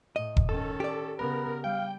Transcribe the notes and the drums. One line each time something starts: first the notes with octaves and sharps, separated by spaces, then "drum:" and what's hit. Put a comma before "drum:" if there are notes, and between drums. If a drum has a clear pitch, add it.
A2 D#5
drum: kick E1
D#3 C#4 A4
G4 D5
C#3 B3 A#4 B4
G3 F5 G5